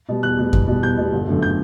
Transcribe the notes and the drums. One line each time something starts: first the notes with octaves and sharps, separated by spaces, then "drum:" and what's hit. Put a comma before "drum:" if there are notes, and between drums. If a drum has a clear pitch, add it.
B2 G3
E2 F#6
B2 G3
E2, drum: kick F#2
B2 G3
E2 G6
B2 G3
G1
F#2 D3 A3
G6